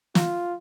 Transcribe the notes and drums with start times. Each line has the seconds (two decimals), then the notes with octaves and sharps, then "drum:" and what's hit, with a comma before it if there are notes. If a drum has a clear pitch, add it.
0.15 F4, drum: snare